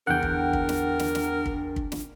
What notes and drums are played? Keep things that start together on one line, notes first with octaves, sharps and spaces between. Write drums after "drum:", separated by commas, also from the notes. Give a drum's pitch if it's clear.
E2 D3 D4 A#4 F#5 G5
drum: kick
drum: kick
drum: snare
drum: snare
drum: snare
drum: kick
drum: kick
drum: snare